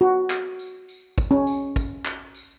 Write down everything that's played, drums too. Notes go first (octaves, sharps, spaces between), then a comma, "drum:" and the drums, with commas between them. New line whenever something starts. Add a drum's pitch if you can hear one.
F#4
drum: clap
drum: tambourine
drum: tambourine
drum: kick, tambourine
C#4
drum: tambourine
drum: kick, tambourine
drum: clap
drum: tambourine